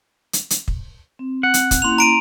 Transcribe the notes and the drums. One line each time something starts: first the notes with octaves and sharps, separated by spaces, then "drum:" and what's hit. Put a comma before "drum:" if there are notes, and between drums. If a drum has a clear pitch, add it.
drum: hi-hat
drum: hi-hat
drum: kick
C4
F#5
drum: hi-hat
drum: kick, hi-hat
A#3 C#4 E4 C6 F7
A#5 D7 D#7